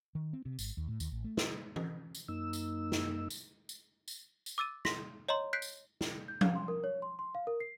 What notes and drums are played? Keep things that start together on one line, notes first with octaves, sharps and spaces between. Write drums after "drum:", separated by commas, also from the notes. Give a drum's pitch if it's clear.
D#3
C4
C3
G#1, drum: tambourine
D#2
A2
D#2, drum: tambourine
A1
A3
drum: snare
drum: tom E3
drum: tambourine
F#2 A#3 D#4 E6
drum: tambourine
drum: snare
drum: tambourine
drum: tambourine
drum: tambourine
drum: tambourine
D6 E6 A6 D#7
C6 A#6 B6, drum: snare
C#5 D#5 A#5 C6
F#6 G6 B6 C7 D7
drum: tambourine
drum: snare
G6
F5, drum: tom F3
C6
A#4
C#5
C6
C6
F5
A#4
C7